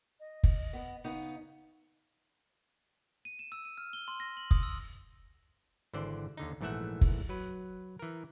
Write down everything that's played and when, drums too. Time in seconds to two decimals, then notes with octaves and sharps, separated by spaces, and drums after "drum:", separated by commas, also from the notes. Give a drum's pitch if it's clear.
0.20 D#5
0.44 drum: kick
0.73 B3
1.04 C#3 B3 D#4
3.25 D#7
3.39 E7
3.52 E6
3.65 D#7
3.78 F6
3.93 G7
4.08 C6
4.20 A#6
4.37 F#7
4.51 D#6, drum: kick
4.63 E6
5.93 G#1 D3 E3 C5 D5
6.37 D#2 D3 D#4
6.61 A#1 G#2 E3 A3 E5 F#5
7.01 drum: kick
7.29 F#3 B4
7.99 E3 A#4